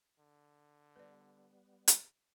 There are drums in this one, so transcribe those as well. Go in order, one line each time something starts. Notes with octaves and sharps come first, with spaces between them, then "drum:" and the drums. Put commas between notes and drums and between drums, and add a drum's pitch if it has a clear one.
D3
G3 B3 B4 D5
drum: hi-hat